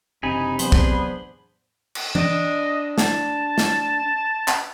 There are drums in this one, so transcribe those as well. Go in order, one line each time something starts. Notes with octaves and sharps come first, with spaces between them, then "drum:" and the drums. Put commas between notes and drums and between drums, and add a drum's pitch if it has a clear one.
F#1 C3 E3 D4 D#4 G#5 B5
E3 F#3 B3 D4 G#4 C5 B5 C6, drum: hi-hat
drum: kick
drum: cymbal
D4 D#5, drum: tom E3
A5, drum: snare
drum: snare
drum: clap